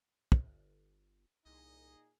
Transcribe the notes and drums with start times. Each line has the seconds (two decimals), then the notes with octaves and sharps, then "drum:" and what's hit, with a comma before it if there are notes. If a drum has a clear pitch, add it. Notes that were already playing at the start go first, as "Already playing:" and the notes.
0.32 G1, drum: kick
1.46 C2 A#2 D#4 G#4 D#5